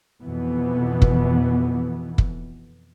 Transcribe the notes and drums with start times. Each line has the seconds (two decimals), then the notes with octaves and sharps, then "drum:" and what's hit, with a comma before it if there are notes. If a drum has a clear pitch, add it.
0.24 F2 B2 E3 B3
1.02 drum: kick
2.18 drum: kick